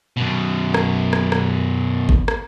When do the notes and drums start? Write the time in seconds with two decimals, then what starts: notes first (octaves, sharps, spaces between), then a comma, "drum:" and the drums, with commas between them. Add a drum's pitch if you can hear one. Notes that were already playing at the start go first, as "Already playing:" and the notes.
0.17 F#2 B2
0.74 drum: rim click
1.13 drum: rim click
1.32 drum: rim click
2.09 drum: kick
2.28 drum: rim click